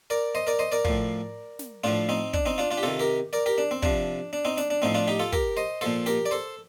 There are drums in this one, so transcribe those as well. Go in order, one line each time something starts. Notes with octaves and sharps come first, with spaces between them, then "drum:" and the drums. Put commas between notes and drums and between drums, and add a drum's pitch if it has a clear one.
A#4 D5
C5 D#5
A#4 D5
C5 D#5
A#4 D5
A2 F3, drum: kick
drum: snare
A2 F3 D4 F4
C4 D#4
D4, drum: kick
C4 D#4
D4 F4
D4 F4
G4
C3 D#3 F4 A4
G4 A#4
A#4 D5
G4 A#4
D4
C4
C3 F3 D4, drum: kick
D4
C4 D#4
D4, drum: snare
D4
A2 F3 C4 D#4
D4 F4
D#4 G4
F4 A4
G4 A#4, drum: kick
C5 D#5
A#2 F3 A4 C5
G4 A#4, drum: snare
D5
A4 C5